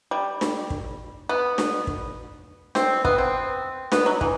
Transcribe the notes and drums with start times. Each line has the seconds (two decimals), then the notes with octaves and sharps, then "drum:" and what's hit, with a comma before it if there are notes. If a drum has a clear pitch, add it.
0.11 G3
0.41 drum: snare D4
0.70 drum: kick
1.29 B3
1.58 drum: snare D4
1.87 drum: kick
2.75 C4, drum: snare D4
3.05 B3, drum: kick
3.18 C4
3.92 B3, drum: snare D4
4.06 F#3
4.21 E3, drum: kick